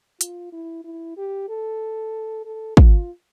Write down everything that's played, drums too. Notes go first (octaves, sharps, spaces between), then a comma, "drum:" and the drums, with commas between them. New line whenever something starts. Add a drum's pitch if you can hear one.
F4, drum: hi-hat
E4
E4
G4
A4
A4
F4, drum: kick